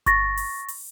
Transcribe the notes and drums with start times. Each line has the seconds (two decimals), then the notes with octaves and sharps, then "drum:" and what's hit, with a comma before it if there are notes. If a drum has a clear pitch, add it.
0.06 C#6 A6 A#6, drum: kick G1, hi-hat
0.37 drum: open hi-hat
0.68 drum: open hi-hat